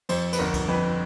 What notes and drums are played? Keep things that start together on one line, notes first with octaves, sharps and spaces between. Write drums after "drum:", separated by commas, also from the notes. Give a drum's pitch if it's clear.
F2 C5, drum: cymbal
B4, drum: cymbal
G1 A#4
drum: kick C2, cymbal
F2 B4